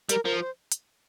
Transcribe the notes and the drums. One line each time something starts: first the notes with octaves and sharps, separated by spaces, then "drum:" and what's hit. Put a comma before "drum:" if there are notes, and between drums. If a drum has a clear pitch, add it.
G3 A#4, drum: hi-hat
F3 A#4
C5
drum: hi-hat